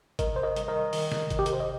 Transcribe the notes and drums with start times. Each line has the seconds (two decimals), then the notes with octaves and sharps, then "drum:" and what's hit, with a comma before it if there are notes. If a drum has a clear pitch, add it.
0.19 C3 A#4 D#5, drum: kick G#1, hi-hat
0.36 C5
0.43 A#4 D#5
0.56 G3, drum: hi-hat
0.68 A#4 D#5
0.93 D#3, drum: open hi-hat
1.12 drum: snare
1.30 C3, drum: kick G#1, hi-hat
1.39 G4
1.46 A#4, drum: hi-hat
1.53 C5
1.60 D#5